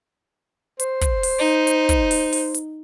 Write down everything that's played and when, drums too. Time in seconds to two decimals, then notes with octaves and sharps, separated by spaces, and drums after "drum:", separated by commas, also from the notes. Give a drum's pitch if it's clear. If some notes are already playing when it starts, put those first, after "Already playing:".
0.80 C5, drum: hi-hat
1.01 drum: kick, hi-hat
1.23 drum: open hi-hat
1.39 D#4
1.67 drum: hi-hat
1.89 drum: kick, hi-hat
2.11 drum: open hi-hat
2.33 drum: open hi-hat
2.54 drum: hi-hat